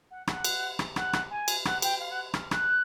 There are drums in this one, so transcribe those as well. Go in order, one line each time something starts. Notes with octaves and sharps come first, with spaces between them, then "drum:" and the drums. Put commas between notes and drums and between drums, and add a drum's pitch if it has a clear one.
F#5
F#5, drum: rim click
drum: cymbal
drum: rim click
F#5, drum: rim click
drum: rim click
G#5
drum: cymbal
F#5, drum: rim click
G5, drum: cymbal
F5
F#5
F6, drum: rim click
F#6, drum: rim click